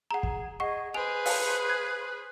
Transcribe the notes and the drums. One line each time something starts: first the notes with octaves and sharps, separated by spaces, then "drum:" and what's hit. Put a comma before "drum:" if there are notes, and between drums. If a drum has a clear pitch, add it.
G#4 F#5 A#5
drum: kick
G#4 D#5 F#5 C#6
G#4 B4 C5 G#5 F#6 F7
F5 A5, drum: open hi-hat
G#6